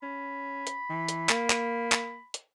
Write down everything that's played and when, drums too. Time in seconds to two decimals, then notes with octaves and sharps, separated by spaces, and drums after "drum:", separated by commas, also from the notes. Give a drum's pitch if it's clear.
0.03 C#4 B5
0.67 drum: hi-hat
0.90 E3
1.09 drum: hi-hat
1.29 A#3, drum: clap
1.50 drum: clap
1.92 drum: clap
2.34 drum: hi-hat